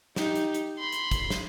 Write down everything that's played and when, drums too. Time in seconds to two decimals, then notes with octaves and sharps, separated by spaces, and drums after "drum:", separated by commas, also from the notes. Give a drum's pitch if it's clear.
0.16 D#4 G4, drum: snare
0.35 drum: hi-hat
0.54 drum: hi-hat
0.79 B5 C6
0.92 drum: hi-hat
1.11 drum: kick, hi-hat
1.30 drum: snare